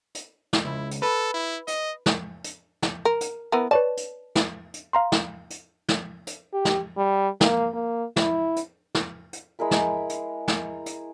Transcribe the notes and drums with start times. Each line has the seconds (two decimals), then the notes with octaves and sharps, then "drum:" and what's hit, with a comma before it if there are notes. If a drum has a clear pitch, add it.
0.15 drum: hi-hat
0.53 drum: snare
0.64 C#2 E4
0.91 drum: hi-hat
1.02 A4 B4
1.34 E4
1.68 D#5, drum: hi-hat
2.06 drum: snare
2.44 drum: hi-hat
2.82 drum: snare
3.05 A#4
3.21 drum: hi-hat
3.52 E3 B3 A#4
3.71 B4 C#5 D5 A5
3.97 drum: hi-hat
4.35 drum: snare
4.74 drum: hi-hat
4.93 F5 A#5 C6
5.12 drum: snare
5.50 drum: hi-hat
5.89 drum: snare
6.27 drum: hi-hat
6.53 G4
6.65 drum: snare
6.97 G3
7.41 A#3, drum: snare
7.74 A#3
8.16 E4, drum: snare
8.56 drum: hi-hat
8.95 drum: snare
9.33 drum: hi-hat
9.59 G#3 E4 A#4 B5
9.71 drum: snare
10.09 drum: hi-hat
10.48 drum: snare
10.86 drum: hi-hat